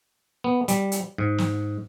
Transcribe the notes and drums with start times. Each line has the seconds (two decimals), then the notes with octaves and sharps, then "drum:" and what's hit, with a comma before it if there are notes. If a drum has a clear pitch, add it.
0.44 B3
0.68 G3, drum: hi-hat
0.92 drum: hi-hat
1.18 G#2
1.38 drum: snare